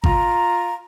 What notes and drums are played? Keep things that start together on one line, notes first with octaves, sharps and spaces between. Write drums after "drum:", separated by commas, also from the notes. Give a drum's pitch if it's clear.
F4 A#5, drum: kick G#1